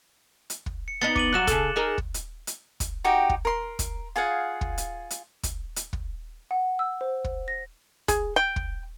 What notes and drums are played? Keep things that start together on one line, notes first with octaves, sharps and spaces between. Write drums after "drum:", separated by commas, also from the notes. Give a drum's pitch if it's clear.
drum: hi-hat
drum: kick
C#7
B3 D4 D#4 A6 C#7 G7
D6 D#7 F#7, drum: kick
G2 F#3 F#4 F#6 E7
C#3 G#4 A4, drum: kick, hi-hat
D#4 G#4 A#4
drum: kick
drum: hi-hat
drum: hi-hat
drum: kick, hi-hat
D#4 F#4 G4 G5
drum: kick
A#4 C6
drum: kick, hi-hat
F4 G#4 F5 F#5
drum: kick
drum: hi-hat
drum: hi-hat
drum: kick, hi-hat
drum: hi-hat
drum: kick
F#5
E6
C5
drum: kick
A#6
G#4, drum: kick, hi-hat
G5
drum: kick